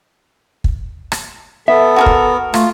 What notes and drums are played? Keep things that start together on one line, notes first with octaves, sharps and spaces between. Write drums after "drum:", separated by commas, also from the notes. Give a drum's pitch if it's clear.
drum: kick
drum: rim click
B3 A4 E5
F#4 G#4 A#4
drum: kick
A3 F4, drum: rim click